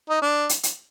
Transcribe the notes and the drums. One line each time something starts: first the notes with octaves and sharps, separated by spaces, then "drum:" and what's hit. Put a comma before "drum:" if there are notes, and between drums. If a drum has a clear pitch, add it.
D#4
D4
drum: hi-hat
drum: hi-hat